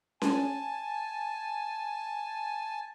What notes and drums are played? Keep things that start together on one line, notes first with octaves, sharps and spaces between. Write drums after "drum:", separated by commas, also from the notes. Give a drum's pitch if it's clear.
G#5 A5, drum: snare C#4